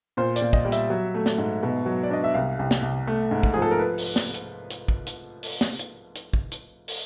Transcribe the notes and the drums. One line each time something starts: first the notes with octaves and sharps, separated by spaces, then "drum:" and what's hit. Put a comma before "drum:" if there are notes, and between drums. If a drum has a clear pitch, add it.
A#2 C5
D5, drum: hi-hat
A#2
D#5, drum: kick
G3
E5, drum: hi-hat
F#3
A3
drum: snare
G#2
B2
F#3
D5
D4 D#5
E5
C2 F5
C2
drum: snare
C2
A3
G#2
drum: kick
F3 G#4
A4
A#4
B4
drum: open hi-hat
drum: snare
drum: hi-hat
drum: hi-hat
drum: kick
drum: hi-hat
drum: open hi-hat
drum: snare
drum: hi-hat
drum: hi-hat
drum: kick
drum: hi-hat
drum: open hi-hat